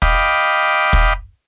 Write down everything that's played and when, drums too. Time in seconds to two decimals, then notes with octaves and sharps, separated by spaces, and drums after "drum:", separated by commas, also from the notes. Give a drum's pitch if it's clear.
0.02 D#5 F5 G5 B5 D6, drum: kick
0.93 drum: kick